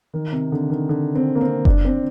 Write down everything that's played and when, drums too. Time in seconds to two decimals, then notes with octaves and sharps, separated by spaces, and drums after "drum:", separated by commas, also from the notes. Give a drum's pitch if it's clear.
0.14 D#3
0.32 C3
0.52 D3
0.70 D#3
0.89 D3
1.16 C4
1.35 A#3
1.41 C4
1.65 D4, drum: kick F#1
1.85 C4